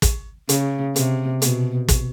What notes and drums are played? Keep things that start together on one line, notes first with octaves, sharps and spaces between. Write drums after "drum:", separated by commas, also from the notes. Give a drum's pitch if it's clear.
drum: kick, hi-hat
C#3, drum: hi-hat
C3, drum: hi-hat
B2, drum: hi-hat
drum: kick, hi-hat